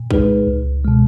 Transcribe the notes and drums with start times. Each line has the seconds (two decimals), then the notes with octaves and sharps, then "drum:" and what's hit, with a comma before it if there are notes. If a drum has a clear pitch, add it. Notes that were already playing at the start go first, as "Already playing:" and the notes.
Already playing: A#2
0.11 G#3 D#4 G#4 B4, drum: kick B1
0.47 C#2
0.85 B2 G#3